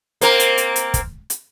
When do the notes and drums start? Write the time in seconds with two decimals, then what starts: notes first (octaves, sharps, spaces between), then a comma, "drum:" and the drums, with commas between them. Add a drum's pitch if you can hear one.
0.21 A#3 C4 A#4, drum: hi-hat
0.40 drum: hi-hat
0.58 drum: hi-hat
0.76 drum: hi-hat
0.94 drum: kick, hi-hat
1.30 drum: hi-hat